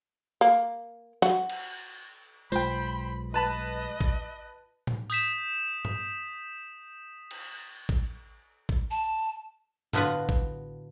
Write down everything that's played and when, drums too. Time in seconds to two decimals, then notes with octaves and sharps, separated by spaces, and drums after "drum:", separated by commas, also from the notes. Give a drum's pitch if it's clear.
0.41 A#3
1.22 F#4, drum: snare
1.50 drum: cymbal
2.52 B1 G#3 F4 C5 G5 B5, drum: tambourine
3.34 B4 D#5 A5 B5
4.01 drum: kick
4.87 drum: tom A2
5.10 D#6 G6 B6 E7, drum: tambourine
5.85 drum: tom G2
7.31 drum: cymbal
7.89 drum: kick
8.69 drum: kick
8.91 A5
9.93 A2 D3 B3 F4 F#4 B4, drum: tom G2
10.29 drum: kick